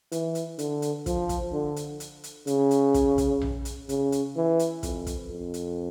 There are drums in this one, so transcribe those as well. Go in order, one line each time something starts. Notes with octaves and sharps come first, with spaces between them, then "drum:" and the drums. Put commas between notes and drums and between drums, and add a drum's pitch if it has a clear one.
E3, drum: hi-hat
drum: hi-hat
D3, drum: hi-hat
drum: hi-hat
F3, drum: kick, hi-hat
drum: kick, hi-hat
D3
drum: hi-hat
drum: hi-hat
drum: hi-hat
C#3, drum: hi-hat
drum: hi-hat
drum: kick, hi-hat
drum: kick, hi-hat
drum: tom A#1
drum: hi-hat
C#3, drum: hi-hat
drum: hi-hat
E3
drum: hi-hat
F2, drum: kick, hi-hat
drum: kick, hi-hat
F2
drum: hi-hat